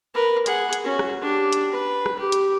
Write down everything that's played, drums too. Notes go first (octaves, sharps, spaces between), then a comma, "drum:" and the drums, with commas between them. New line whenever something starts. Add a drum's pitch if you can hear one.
A#4 B4
G#4 F#5, drum: hi-hat
drum: hi-hat
C#4 F#4
drum: rim click
D4 G4
drum: hi-hat
B4
drum: rim click
G4
drum: hi-hat